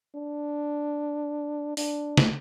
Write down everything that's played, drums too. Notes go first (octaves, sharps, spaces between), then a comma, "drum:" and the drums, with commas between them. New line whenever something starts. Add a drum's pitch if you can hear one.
D4
D4, drum: open hi-hat
drum: snare